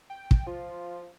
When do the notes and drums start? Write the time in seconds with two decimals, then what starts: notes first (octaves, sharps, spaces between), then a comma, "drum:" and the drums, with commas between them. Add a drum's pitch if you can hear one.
0.10 G5
0.31 drum: kick
0.47 F3 F4